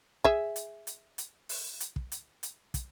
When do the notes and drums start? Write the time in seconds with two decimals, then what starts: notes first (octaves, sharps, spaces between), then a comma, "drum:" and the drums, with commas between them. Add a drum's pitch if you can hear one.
0.24 G#4 E5, drum: kick
0.56 drum: hi-hat
0.87 drum: hi-hat
1.18 drum: hi-hat
1.49 drum: open hi-hat
1.80 drum: hi-hat
1.96 drum: kick
2.12 drum: hi-hat
2.43 drum: hi-hat
2.74 drum: kick, hi-hat